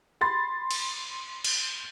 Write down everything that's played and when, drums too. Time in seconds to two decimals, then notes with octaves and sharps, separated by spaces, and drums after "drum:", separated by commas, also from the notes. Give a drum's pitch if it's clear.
0.21 B5 C6 A6
0.71 drum: cymbal
1.44 drum: cymbal